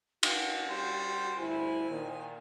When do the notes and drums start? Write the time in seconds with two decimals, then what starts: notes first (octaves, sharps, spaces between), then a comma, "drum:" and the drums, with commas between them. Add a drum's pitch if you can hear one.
0.23 F#4, drum: cymbal
0.69 G3 C5
1.38 D2 G2 E4 C5 G#5
1.91 A#2 D#3